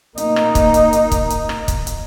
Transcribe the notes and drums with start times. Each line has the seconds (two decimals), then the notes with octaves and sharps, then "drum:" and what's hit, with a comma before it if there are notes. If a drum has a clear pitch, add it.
0.18 A#3 D#4, drum: hi-hat
0.36 drum: rim click
0.55 drum: kick, hi-hat
0.74 drum: hi-hat
0.93 drum: hi-hat
1.12 drum: kick, hi-hat
1.30 drum: hi-hat
1.49 drum: rim click
1.68 drum: kick, hi-hat
1.87 drum: hi-hat